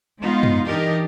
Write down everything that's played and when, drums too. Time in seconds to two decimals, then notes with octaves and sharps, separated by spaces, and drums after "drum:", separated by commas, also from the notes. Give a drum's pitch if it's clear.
0.20 G#3 B3 D#4 F4
0.43 drum: tom
0.66 E3 D4 D#4 G4 A#4 D#5